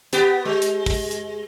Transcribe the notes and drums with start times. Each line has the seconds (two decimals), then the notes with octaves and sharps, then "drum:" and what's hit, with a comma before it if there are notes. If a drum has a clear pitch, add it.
0.13 B3 G4, drum: hi-hat
0.45 G#3
0.62 drum: hi-hat
0.86 drum: kick, open hi-hat
1.11 drum: hi-hat